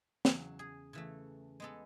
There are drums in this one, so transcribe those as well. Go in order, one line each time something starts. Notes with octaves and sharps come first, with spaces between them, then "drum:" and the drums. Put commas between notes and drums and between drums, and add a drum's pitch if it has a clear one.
E2 C#3 F#3 F#4, drum: snare
G#4
C#3 E3 A3
G#3 B3 A4